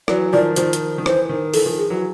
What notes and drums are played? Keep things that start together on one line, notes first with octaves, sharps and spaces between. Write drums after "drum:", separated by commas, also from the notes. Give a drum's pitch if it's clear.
E3 F#3 D5, drum: rim click
D#3 F3 D5
D#3 F3 C5, drum: hi-hat
drum: hi-hat
D#3
E3 C5, drum: rim click
D#3
E3 A4, drum: open hi-hat
D#3 F3
G#4
E3 F#3